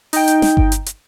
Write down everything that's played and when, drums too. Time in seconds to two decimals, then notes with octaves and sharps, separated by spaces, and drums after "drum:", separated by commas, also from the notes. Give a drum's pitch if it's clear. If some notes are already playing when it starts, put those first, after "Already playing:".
0.13 D#4 G5, drum: open hi-hat
0.28 drum: hi-hat
0.42 drum: snare
0.57 drum: kick G1
0.72 drum: hi-hat
0.86 drum: hi-hat